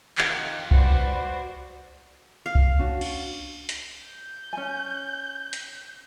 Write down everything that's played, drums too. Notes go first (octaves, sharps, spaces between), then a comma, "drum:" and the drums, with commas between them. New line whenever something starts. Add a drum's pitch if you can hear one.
D#3 F4 G4 F#5, drum: clap
G3 F#4 B4 C5 D5, drum: kick C2
F5
drum: kick C2
C#4 D4 F#4
drum: cymbal
drum: hi-hat
G6
C#4 G#5
drum: hi-hat